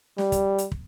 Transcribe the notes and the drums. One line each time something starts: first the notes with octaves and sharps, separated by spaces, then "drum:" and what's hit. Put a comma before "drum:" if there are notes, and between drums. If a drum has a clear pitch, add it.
G3, drum: snare
drum: kick, hi-hat
drum: hi-hat
drum: kick